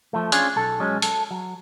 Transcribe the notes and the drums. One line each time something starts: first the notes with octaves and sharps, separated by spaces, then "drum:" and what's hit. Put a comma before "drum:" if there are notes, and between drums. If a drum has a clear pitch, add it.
F3 A3
C#4 D4 F4 G#4, drum: hi-hat
B1 A4
F#3 G#3 C#4
A4, drum: hi-hat
F#3